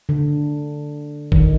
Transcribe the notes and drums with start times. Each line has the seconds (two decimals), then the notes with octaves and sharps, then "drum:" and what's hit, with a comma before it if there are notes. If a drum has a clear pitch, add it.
0.09 D3
1.32 D#3, drum: kick G1